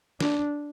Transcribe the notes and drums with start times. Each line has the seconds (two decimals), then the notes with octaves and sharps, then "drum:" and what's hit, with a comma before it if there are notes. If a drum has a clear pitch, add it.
0.21 D4, drum: snare